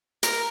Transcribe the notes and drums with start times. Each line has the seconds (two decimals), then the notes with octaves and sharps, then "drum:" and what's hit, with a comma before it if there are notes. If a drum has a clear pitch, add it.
0.23 A#4, drum: hi-hat